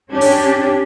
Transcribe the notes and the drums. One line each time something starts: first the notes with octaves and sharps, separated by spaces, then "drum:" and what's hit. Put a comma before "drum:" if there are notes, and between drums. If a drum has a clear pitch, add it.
C#4 D4 G4
drum: open hi-hat